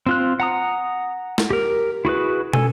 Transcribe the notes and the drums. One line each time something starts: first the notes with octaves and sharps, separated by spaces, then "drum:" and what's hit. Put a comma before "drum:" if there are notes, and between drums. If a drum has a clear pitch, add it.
C4 F4 F#6
F#5 A#5 D#6
drum: snare
G4 A#4
E4 F#4 G#4 B4
A4 G#5, drum: tom